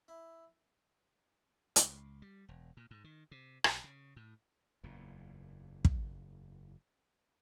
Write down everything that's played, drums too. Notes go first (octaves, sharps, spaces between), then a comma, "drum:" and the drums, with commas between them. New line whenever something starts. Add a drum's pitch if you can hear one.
E4
C#2, drum: hi-hat
G3
E1
A#2
G#2
D#3
C3
B1, drum: rim click
C#3
A2
F#1 E2 A#2
drum: kick